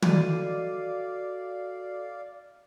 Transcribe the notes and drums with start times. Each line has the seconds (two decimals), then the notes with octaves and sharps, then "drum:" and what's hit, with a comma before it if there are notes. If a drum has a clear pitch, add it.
0.02 F#4 A4 D5 D#5 F5, drum: tom